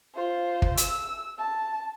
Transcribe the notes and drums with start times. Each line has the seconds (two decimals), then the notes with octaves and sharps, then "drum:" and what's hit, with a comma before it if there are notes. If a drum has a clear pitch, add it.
0.15 F4 C5
0.62 drum: kick
0.77 E6, drum: hi-hat
1.38 A5